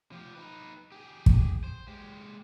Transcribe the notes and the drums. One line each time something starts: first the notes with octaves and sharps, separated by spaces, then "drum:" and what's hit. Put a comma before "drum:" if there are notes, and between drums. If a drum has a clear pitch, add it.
F3 G4
D#4 B4
G4 G#4
drum: kick
C5
G#3 G4